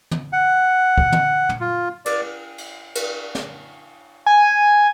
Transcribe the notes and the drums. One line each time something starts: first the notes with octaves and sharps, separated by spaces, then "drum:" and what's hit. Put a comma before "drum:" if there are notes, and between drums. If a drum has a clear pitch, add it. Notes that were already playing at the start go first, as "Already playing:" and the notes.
drum: tom
F#5
drum: kick
drum: tom
drum: tom
F4
D5, drum: cymbal
drum: cymbal
drum: cymbal
drum: snare
G#5